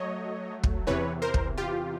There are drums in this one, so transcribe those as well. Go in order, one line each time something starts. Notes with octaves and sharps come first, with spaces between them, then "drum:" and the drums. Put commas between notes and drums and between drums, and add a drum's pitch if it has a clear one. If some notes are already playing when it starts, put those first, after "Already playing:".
Already playing: F#3 A3 C#5 D#5
drum: kick
E2 C3 E3 B4 C#5
A#4 C5
drum: kick
F4 G4